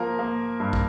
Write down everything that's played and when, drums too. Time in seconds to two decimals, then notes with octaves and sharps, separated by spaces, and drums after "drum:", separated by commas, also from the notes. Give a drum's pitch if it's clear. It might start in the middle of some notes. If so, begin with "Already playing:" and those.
Already playing: F3 A#3 A#4
0.19 A#3
0.60 G2
0.73 drum: kick